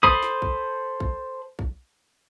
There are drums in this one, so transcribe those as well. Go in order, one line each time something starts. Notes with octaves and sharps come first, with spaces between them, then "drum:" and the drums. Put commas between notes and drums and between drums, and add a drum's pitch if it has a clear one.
A4 C5 B5 D#6, drum: kick A#1
drum: snare
drum: kick A#1
drum: kick A#1
drum: kick A#1